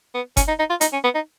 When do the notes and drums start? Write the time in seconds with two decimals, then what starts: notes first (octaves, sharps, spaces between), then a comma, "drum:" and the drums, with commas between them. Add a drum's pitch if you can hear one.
0.15 B3
0.37 C#4, drum: kick F#1, hi-hat
0.48 D#4
0.59 D#4
0.70 F4
0.81 D#4, drum: hi-hat
0.93 C#4
1.04 B3
1.15 D#4